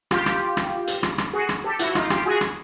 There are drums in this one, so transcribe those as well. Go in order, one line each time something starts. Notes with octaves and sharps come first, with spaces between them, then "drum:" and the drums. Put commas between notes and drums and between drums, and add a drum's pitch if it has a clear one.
F4 G4, drum: rim click
drum: rim click
drum: rim click
drum: hi-hat
drum: rim click
drum: rim click
F#4 G#4
drum: rim click
G4 A4
E4 F#4, drum: hi-hat
D#4 F4, drum: rim click
F4 G4, drum: rim click
F#4 G#4
drum: rim click